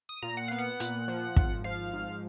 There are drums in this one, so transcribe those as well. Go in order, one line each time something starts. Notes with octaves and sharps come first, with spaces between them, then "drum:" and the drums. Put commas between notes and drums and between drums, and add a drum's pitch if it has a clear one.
D#6
A#2 A#5
F#5
B3 F5
F#5
A#2, drum: hi-hat
F3
G#1, drum: kick
F3 F5
G#2